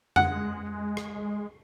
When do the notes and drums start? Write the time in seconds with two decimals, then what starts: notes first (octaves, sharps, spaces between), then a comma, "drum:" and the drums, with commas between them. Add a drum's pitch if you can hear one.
0.16 G#3 F#5, drum: tom F2
0.97 drum: rim click